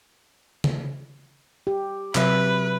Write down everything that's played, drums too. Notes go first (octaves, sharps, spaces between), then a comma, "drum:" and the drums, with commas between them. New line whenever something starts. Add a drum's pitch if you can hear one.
drum: tom C#3
G4
C3 F#3 B4 E5, drum: clap